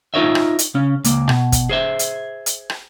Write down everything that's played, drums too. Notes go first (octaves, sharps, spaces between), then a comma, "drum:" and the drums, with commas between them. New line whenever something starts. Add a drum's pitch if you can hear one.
D#4 F4 A#4 C#5 D#5 E5
drum: rim click
drum: hi-hat
C#3 C#4
C#2 A#3, drum: hi-hat
B2, drum: rim click
drum: kick, hi-hat
G#4 C5 E5
drum: hi-hat
drum: hi-hat
drum: rim click